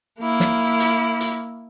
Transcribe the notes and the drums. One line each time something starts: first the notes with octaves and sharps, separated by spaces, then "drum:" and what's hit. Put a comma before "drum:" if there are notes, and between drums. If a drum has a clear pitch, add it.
A#3 E4
drum: snare
drum: hi-hat
drum: hi-hat